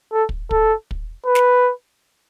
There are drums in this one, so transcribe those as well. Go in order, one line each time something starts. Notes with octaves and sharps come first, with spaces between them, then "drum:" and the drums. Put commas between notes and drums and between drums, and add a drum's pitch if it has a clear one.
A4
drum: kick
A4, drum: kick
drum: kick
B4
drum: snare